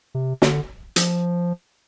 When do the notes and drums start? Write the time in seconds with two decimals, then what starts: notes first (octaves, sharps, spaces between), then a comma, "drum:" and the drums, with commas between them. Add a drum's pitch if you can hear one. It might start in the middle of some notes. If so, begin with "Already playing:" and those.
0.15 C3
0.42 D3, drum: snare
0.96 F3, drum: hi-hat